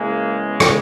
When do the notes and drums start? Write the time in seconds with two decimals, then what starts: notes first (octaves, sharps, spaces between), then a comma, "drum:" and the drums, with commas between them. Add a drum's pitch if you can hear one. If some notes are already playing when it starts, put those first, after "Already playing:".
Already playing: C#3 E3 G#3 A#3
0.47 B3
0.60 drum: rim click